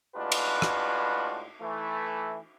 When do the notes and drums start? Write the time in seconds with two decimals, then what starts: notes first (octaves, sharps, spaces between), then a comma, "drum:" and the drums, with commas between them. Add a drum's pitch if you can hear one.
0.16 A2 G#3 D4 F4 F#4 B4
0.32 drum: cymbal
0.62 drum: rim click
1.61 E3 A3